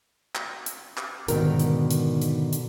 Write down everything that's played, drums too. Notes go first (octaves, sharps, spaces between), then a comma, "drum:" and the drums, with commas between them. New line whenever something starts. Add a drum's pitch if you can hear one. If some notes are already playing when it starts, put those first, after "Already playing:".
drum: clap
drum: hi-hat
drum: clap
G#2 B2 D3 D#3 A#4, drum: hi-hat
drum: hi-hat
drum: hi-hat
drum: hi-hat
drum: hi-hat